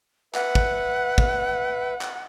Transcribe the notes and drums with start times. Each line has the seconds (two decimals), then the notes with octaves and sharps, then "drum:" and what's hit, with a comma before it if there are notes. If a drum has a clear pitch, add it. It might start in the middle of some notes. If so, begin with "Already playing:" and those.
0.35 B4 E5 F#5, drum: clap
0.55 drum: kick
1.18 drum: kick
2.01 drum: clap